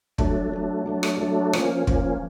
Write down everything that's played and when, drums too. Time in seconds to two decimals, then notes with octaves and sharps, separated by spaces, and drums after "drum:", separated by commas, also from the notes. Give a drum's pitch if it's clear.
0.18 F#3 A3 D4, drum: kick
0.52 F#3 A3 D4
0.86 F#3 A3 D4
1.03 drum: rim click
1.20 F#3 A3 D4
1.53 F3 A#3 C#4, drum: rim click
1.87 F3 A#3 C#4, drum: kick